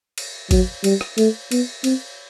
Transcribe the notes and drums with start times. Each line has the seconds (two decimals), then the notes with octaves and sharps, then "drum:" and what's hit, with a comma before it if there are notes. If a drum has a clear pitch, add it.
0.18 drum: cymbal
0.51 F#3, drum: kick G#1, cymbal
0.84 G3, drum: cymbal
1.01 drum: rim click
1.18 A3, drum: cymbal
1.51 B3, drum: cymbal
1.84 C4, drum: cymbal